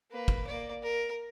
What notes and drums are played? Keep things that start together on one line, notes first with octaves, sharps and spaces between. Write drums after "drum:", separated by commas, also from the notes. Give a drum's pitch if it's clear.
A#3 B4
drum: kick
A#3 D5
A#4